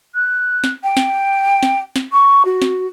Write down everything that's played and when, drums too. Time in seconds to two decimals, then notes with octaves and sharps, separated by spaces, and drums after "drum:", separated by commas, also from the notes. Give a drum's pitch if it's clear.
0.14 F#6
0.64 drum: snare
0.84 G5
0.97 drum: snare
1.63 drum: snare
1.96 drum: snare
2.12 C#6
2.45 F#4
2.62 drum: snare